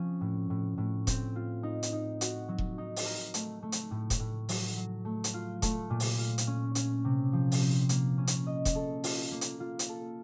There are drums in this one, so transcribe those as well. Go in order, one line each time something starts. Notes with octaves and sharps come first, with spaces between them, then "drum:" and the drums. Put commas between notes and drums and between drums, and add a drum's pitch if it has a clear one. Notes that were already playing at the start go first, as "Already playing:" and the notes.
Already playing: F3 C4 C#4
A2
A2
A2
C4, drum: kick E1, hi-hat
F4
D#4
drum: hi-hat
D#4
F#4, drum: hi-hat
F#3
drum: kick E1
D#4
drum: open hi-hat
A#4
A3, drum: hi-hat
A3
drum: hi-hat
A2
drum: kick E1, hi-hat
A2
F#3, drum: open hi-hat
F#3
A3
drum: hi-hat
F4
A3, drum: kick E1, hi-hat
A#2
drum: open hi-hat
F4
drum: hi-hat
C#4
C#4, drum: hi-hat
C3
F3
drum: open hi-hat
C4
A#3, drum: hi-hat
C#4
drum: hi-hat
D#5
drum: kick E1, hi-hat
A4
F4, drum: open hi-hat
A#3
drum: hi-hat
F4
drum: hi-hat
A4